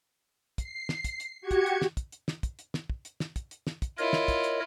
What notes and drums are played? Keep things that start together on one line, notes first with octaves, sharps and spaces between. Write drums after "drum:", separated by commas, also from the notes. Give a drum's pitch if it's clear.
C7, drum: kick, hi-hat
drum: snare
drum: kick, hi-hat
drum: hi-hat
F#4 G4 G#6 C#7
drum: kick, hi-hat
drum: hi-hat
drum: snare
drum: kick, hi-hat
drum: hi-hat
drum: snare
drum: kick, hi-hat
drum: hi-hat
drum: snare
drum: kick
drum: hi-hat
drum: snare
drum: kick, hi-hat
drum: hi-hat
drum: snare
drum: kick, hi-hat
E4 F4 A#4 C#5 D#5, drum: hi-hat
drum: snare
drum: kick, hi-hat
drum: hi-hat